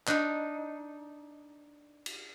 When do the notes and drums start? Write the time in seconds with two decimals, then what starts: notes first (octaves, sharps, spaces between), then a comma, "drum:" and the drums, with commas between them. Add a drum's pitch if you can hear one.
0.07 D4 D#4, drum: clap
2.06 drum: cymbal